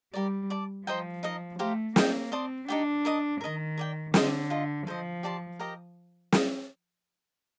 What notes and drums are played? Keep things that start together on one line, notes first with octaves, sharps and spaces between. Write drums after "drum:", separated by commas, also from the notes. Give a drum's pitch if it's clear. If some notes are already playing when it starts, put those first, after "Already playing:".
G3 G4 A#4 D5
D5 A5 D6
F3 C5 D#5 G5 A#5
D#4 A#4 D#5
A3 G4 C5 F5 A#5
A#3 A4 D#5 G5, drum: snare
C4 D5 A5 C6 D#6
D4 D#4 G4 D5 G5
A#4 D#5 A5 D#6
D#3 A#4 D#5 A#5
A#4 D5 G5
D3 C5 D#5 G5 C6, drum: snare
F4 A4 D#5
F3 A4 C5 D#5
G4 D5 A5 C6
G4 A#4 D#5 A#5
drum: snare